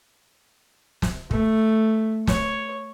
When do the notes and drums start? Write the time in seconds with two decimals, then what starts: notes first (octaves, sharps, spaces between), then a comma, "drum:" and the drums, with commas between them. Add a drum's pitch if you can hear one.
1.02 drum: snare
1.31 A3, drum: kick
2.27 C#5, drum: snare